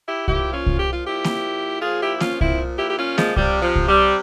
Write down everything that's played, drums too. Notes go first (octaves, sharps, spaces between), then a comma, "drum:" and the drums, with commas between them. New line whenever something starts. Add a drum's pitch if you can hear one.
E4 G4
A#2 F3 E4 G4, drum: kick C2
C#4 F4
drum: kick C2
G4
F4
E4 G4
drum: snare A#3
A#2 F3 F4 G#4
E4 G4
G4
C#4 F4, drum: snare A#3
C4 E4, drum: kick C2
E4 G4
G4
C#4 F4
F3 G#3, drum: snare A#3
C3 F3 G3, drum: kick C2
F3
drum: kick C2
G3